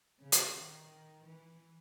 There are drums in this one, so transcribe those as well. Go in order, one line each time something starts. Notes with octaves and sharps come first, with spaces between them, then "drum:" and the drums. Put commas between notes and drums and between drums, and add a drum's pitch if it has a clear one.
C#3
drum: hi-hat
D#3
E3